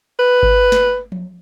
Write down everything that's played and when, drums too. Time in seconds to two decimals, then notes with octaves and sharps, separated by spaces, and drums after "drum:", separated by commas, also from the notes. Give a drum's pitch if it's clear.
0.19 B4
0.43 drum: kick G#1
0.72 drum: snare
1.12 drum: tom F3